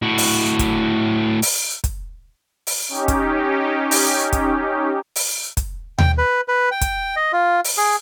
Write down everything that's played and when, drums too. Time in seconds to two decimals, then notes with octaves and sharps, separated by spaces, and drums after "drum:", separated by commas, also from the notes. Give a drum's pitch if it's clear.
0.02 A2 F#4
0.18 drum: open hi-hat
0.59 drum: kick, hi-hat
1.42 drum: open hi-hat
1.84 drum: kick, hi-hat
2.67 drum: open hi-hat
2.89 C#4 D#4 G4
3.08 drum: kick, hi-hat
3.91 drum: open hi-hat
4.33 drum: kick, hi-hat
5.16 drum: open hi-hat
5.57 drum: kick, hi-hat
5.98 G5, drum: tom D#2
6.18 B4
6.48 B4
6.71 G5
6.81 drum: kick, hi-hat
7.16 D#5
7.33 F4
7.64 drum: open hi-hat
7.77 G#4